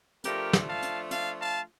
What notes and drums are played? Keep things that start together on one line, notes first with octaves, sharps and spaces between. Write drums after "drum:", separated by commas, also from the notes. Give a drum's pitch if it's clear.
F3 A3 D4 F4 G4 A#4, drum: hi-hat
drum: snare
F5 A5
drum: hi-hat
F5 A5, drum: hi-hat
F5 A5